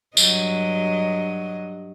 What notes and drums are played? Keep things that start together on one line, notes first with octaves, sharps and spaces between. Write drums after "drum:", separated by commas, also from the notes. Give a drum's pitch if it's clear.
G2 F#3 D#5, drum: tambourine